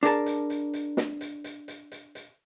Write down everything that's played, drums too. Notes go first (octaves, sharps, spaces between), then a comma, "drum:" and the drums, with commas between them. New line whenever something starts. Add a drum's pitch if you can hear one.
D4 G#4 A#4 A5, drum: hi-hat
drum: hi-hat
drum: hi-hat
drum: hi-hat
drum: snare
drum: hi-hat
drum: hi-hat
drum: hi-hat
drum: hi-hat
drum: hi-hat